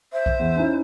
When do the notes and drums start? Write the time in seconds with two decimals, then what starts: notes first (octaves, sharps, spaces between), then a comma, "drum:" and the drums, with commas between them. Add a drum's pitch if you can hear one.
0.12 C5 E5
0.26 drum: kick B1
0.39 E2
0.56 C#4 D#4 E4